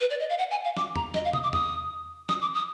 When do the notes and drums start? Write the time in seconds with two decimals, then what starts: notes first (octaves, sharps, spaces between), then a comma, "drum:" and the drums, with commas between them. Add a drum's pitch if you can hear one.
0.01 B4
0.10 D5
0.20 D#5
0.30 F5
0.39 F#5
0.51 G#5
0.64 F5
0.77 D6, drum: snare
0.96 A#5, drum: tom E2
1.14 D#5, drum: snare
1.25 F5
1.33 D#6, drum: tom
1.43 D6
1.53 D#6, drum: tom E2
2.29 D#6, drum: snare
2.42 D6
2.54 D#6